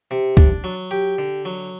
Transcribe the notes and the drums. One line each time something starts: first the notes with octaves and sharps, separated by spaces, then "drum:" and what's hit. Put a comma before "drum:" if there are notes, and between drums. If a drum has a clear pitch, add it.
C3
D4, drum: kick
F#3
G4
D3
F#3